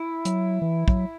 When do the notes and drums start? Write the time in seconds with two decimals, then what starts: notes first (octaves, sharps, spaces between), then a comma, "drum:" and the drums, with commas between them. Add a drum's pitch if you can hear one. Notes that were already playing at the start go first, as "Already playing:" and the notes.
Already playing: E4
0.25 F#3, drum: hi-hat
0.62 E3
0.88 F#3, drum: kick